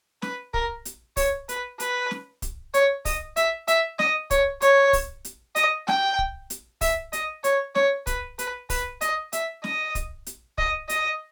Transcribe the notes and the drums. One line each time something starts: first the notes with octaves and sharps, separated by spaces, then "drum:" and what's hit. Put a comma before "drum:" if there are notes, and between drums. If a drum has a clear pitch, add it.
B4, drum: snare
A#4, drum: kick
drum: hi-hat
C#5, drum: kick, open hi-hat
B4, drum: hi-hat
B4, drum: hi-hat
drum: snare
drum: kick, hi-hat
C#5, drum: hi-hat
D#5, drum: kick, open hi-hat
E5, drum: hi-hat
E5, drum: hi-hat
D#5, drum: snare
C#5, drum: kick, hi-hat
C#5, drum: hi-hat
drum: kick, open hi-hat
drum: hi-hat
D#5, drum: hi-hat
G5, drum: snare
drum: kick
drum: hi-hat
E5, drum: kick, open hi-hat
D#5, drum: hi-hat
C#5, drum: hi-hat
C#5, drum: snare
B4, drum: kick, hi-hat
B4, drum: hi-hat
B4, drum: kick, open hi-hat
D#5, drum: hi-hat
E5, drum: hi-hat
D#5, drum: snare
drum: kick, hi-hat
drum: hi-hat
D#5, drum: kick
D#5, drum: hi-hat